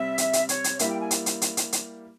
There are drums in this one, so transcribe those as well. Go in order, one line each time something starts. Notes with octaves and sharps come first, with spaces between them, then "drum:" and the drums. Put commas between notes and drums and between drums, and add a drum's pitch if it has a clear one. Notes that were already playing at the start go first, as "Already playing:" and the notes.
Already playing: C3 G3 C4 E5
drum: hi-hat
drum: hi-hat
C#5, drum: hi-hat
drum: hi-hat
G3 A#3 E4 G4 E5, drum: hi-hat
G5
G#5
drum: hi-hat
drum: hi-hat
drum: hi-hat
drum: hi-hat
drum: hi-hat